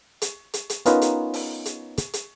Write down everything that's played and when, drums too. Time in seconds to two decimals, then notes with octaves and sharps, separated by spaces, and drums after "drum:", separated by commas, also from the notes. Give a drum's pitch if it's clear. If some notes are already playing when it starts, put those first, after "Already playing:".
0.22 drum: hi-hat
0.54 drum: hi-hat
0.70 drum: hi-hat
0.86 B3 C#4 D#4 F4 A#4 B4, drum: hi-hat
1.02 drum: hi-hat
1.34 drum: open hi-hat
1.66 drum: hi-hat
1.98 drum: hi-hat
2.14 drum: hi-hat